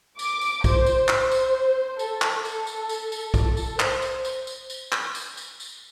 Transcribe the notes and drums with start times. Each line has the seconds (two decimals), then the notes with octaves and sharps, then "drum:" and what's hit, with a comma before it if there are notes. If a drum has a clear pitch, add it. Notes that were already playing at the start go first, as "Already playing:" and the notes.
0.19 D6, drum: tambourine
0.41 drum: tambourine
0.64 C5, drum: kick B1, tambourine
0.86 drum: tambourine
1.08 C5, drum: clap
1.32 drum: tambourine
1.99 A4, drum: tambourine
2.22 drum: clap
2.45 A4, drum: tambourine
2.67 drum: tambourine
2.89 drum: tambourine
3.12 drum: tambourine
3.34 A4, drum: kick B1, tambourine
3.57 drum: tambourine
3.80 C5, drum: clap
4.02 drum: tambourine
4.25 drum: tambourine
4.47 drum: tambourine
4.70 drum: tambourine
4.92 drum: clap
5.15 drum: tambourine
5.37 drum: tambourine
5.60 drum: tambourine